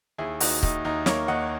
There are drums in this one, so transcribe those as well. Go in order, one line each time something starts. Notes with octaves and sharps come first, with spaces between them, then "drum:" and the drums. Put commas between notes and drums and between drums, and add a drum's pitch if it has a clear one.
D#2 E4 G#4
D#2 D#4 F#4, drum: open hi-hat
D#2 D#4, drum: kick
D#2 D#4
A#3 A#4 C#5, drum: snare
D#2 D#5 F#5